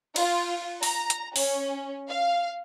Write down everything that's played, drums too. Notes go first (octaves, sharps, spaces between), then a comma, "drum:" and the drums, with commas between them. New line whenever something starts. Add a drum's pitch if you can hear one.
F4, drum: cymbal
A#5, drum: open hi-hat
drum: hi-hat
C#4, drum: open hi-hat
F5